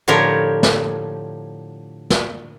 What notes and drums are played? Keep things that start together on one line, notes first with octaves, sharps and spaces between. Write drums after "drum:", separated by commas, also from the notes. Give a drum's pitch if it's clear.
A2 D3 F3 G4 A#4 C#5
drum: snare
drum: snare